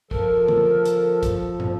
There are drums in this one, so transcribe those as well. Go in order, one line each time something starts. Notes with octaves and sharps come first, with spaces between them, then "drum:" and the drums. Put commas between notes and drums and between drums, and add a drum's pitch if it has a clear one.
F3 A4 A#4, drum: kick
drum: tom
drum: hi-hat
drum: kick, hi-hat
drum: tom